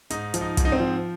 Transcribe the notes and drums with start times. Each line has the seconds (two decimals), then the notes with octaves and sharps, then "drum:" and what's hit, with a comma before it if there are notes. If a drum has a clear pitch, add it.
0.10 G#2 D#4, drum: hi-hat
0.34 F3, drum: hi-hat
0.41 D#4
0.57 G#2, drum: kick, hi-hat
0.65 D#4
0.72 C4
0.80 F3